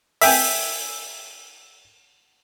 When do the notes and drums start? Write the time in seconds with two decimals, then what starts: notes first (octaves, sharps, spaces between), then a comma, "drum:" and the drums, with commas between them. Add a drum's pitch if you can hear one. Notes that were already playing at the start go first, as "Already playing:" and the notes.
0.21 E5 G5 G#5, drum: open hi-hat